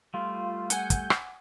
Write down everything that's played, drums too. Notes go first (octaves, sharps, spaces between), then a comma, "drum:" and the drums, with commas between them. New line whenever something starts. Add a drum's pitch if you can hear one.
G3 A3 F4
F#5 G#5 G6, drum: hi-hat
drum: kick, hi-hat
drum: rim click